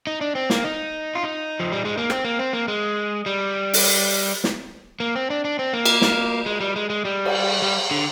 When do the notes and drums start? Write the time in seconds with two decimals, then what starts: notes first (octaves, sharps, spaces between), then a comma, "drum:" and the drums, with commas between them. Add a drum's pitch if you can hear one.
0.07 D#4
0.21 D4
0.35 C4
0.50 A#3, drum: snare
0.64 D#4
1.15 F4
1.23 D#4
1.59 F3
1.72 G3
1.85 G#3
1.97 A#3
2.10 C4, drum: rim click
2.25 A#3
2.39 C4
2.53 A#3
2.68 G#3
3.26 G3
3.73 drum: open hi-hat
4.44 drum: snare
5.00 A#3
5.15 C4
5.30 D4
5.45 D4
5.59 C4
5.73 A#3
5.85 drum: cymbal
6.02 drum: snare
6.46 G#3
6.60 G3
6.76 G#3
6.90 G#3
7.05 G3
7.25 drum: cymbal
7.62 G3
7.91 D3